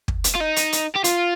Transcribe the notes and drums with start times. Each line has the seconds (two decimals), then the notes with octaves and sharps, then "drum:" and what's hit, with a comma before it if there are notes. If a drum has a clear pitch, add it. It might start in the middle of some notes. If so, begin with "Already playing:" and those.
0.08 drum: kick
0.24 drum: hi-hat
0.35 F4
0.41 D#4
0.56 drum: hi-hat
0.72 drum: hi-hat
0.96 G4
1.04 F4, drum: hi-hat